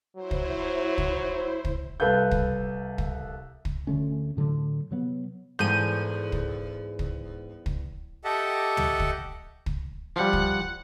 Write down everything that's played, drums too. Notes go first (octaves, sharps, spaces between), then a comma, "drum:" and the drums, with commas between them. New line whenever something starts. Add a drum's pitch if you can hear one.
F#3 E4 C5
drum: kick
drum: kick
drum: kick
C2 A4 B4 F5 G6
drum: kick
drum: kick
drum: kick
D2 D3 A3 C#4
A2 D3 F#3 A3
C3 F#3 B3
E2 G#2 A4 G#5 G6 D#7
drum: kick
drum: kick
drum: kick
G4 A4 D#5 E5 F#5 A5
drum: tom
drum: kick
drum: kick
F3 G3 F#5
drum: kick